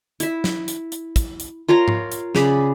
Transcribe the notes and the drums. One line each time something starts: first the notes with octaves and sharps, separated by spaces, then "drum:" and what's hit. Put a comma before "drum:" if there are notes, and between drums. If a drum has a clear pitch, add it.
E4 E5, drum: hi-hat
drum: snare
drum: hi-hat
drum: hi-hat
drum: kick, hi-hat
drum: hi-hat
F4 A#4 C#5 A#5
drum: tom G#2
drum: hi-hat
C#3 G#4 D5 B5, drum: snare